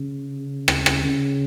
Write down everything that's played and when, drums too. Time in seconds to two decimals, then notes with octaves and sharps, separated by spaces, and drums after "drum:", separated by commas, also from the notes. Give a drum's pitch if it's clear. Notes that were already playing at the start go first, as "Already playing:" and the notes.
Already playing: C#3
0.68 drum: rim click
0.86 drum: rim click
1.04 C#3